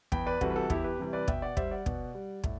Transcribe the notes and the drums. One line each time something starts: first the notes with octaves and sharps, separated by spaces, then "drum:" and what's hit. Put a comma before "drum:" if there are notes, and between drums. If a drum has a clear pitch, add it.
E2 G5 B5, drum: kick
B4 D5
C3 E3 G3 F#4 A4, drum: kick
B4
F#4 A4
E2 E4 G4, drum: kick
G4 B4
C3 E3 G3
B4 D5
B2 E5 G5, drum: kick
D5 F#5
G3 C5 E5, drum: kick
D5 F#5
B2, drum: kick
G3
A2, drum: kick